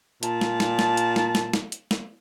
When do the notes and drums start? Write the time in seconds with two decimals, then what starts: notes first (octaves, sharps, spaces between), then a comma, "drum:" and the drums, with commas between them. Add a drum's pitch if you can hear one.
0.23 A#2 A5, drum: hi-hat
0.41 drum: snare
0.60 drum: snare
0.79 drum: snare
0.97 drum: hi-hat
1.16 drum: snare
1.35 drum: snare
1.53 drum: snare
1.72 drum: hi-hat
1.91 drum: snare